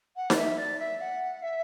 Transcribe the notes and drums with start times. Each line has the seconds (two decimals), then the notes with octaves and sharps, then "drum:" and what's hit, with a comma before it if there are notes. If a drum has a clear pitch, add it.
0.16 F#5
0.30 D5, drum: snare D#4
0.36 E5
0.58 D5
0.78 E5
1.00 F#5
1.42 E5